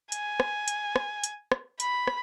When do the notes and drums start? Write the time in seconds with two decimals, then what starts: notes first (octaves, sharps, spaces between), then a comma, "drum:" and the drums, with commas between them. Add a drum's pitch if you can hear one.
0.12 G#5, drum: hi-hat
0.40 drum: rim click
0.68 drum: hi-hat
0.96 drum: rim click
1.24 drum: hi-hat
1.52 drum: rim click
1.80 B5, drum: hi-hat
2.07 drum: rim click